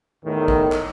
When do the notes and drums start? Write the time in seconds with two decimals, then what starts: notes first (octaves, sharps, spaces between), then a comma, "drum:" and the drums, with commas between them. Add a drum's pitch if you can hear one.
0.24 E2 A2 D#3
0.48 drum: kick A1
0.72 drum: clap